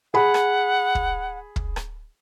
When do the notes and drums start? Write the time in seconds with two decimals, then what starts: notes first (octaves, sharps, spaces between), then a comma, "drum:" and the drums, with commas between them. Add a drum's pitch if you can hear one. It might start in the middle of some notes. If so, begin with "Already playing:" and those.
0.14 G#4 F#5 B5
0.34 drum: rim click
0.95 drum: kick
1.56 drum: kick
1.76 drum: rim click